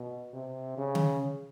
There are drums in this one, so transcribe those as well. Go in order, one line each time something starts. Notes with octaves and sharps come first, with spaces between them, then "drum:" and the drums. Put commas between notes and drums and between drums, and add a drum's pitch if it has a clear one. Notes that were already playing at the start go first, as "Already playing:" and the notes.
Already playing: B2
C3
C#3
drum: tom D3